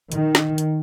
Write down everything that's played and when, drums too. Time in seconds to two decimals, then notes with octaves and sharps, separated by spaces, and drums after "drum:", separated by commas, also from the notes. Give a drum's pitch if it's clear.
0.12 D#3, drum: hi-hat
0.35 drum: snare
0.58 drum: hi-hat